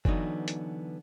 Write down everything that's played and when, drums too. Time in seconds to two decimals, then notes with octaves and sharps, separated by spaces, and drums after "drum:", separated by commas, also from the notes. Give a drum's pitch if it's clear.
0.05 D3 E3 F#3 B3 D#4, drum: kick F#1
0.48 drum: hi-hat